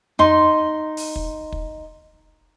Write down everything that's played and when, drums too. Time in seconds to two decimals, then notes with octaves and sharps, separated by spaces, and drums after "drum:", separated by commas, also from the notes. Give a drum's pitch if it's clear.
0.19 D#4 C6, drum: tom F2
0.97 drum: open hi-hat
1.16 drum: kick
1.52 drum: kick